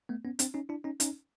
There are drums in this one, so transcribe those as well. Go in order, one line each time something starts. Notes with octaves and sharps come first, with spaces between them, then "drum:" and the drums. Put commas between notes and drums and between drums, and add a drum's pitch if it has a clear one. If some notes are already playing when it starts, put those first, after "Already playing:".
A3 B3
B3 C#4
C4 D4, drum: hi-hat
C#4 D#4
D4 E4
C#4 D#4
C#4 D#4, drum: hi-hat